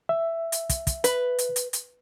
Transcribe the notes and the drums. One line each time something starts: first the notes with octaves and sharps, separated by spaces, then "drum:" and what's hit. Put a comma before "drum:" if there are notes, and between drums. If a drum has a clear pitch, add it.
E5
drum: hi-hat
drum: kick, hi-hat
drum: kick, hi-hat
B4, drum: hi-hat
drum: hi-hat
drum: hi-hat
drum: hi-hat